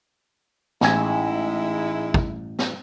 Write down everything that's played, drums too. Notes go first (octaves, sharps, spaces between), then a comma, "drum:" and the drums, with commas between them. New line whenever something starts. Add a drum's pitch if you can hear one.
A1 G#2 G#3 E4 G#5, drum: snare
drum: kick
drum: snare